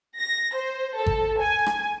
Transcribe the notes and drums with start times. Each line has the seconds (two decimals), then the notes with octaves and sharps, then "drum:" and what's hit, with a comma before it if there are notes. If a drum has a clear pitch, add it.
0.16 A#6
0.53 C5
0.95 A4
1.06 drum: kick G#1
1.39 G#5
1.66 drum: rim click